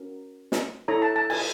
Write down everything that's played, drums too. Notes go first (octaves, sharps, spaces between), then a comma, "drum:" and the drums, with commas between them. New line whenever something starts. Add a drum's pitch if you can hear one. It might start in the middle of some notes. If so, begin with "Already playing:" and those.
Already playing: C#4 F#4 A#4
drum: snare
E4 A4 C#5 A#5
A5
A5
G#5, drum: cymbal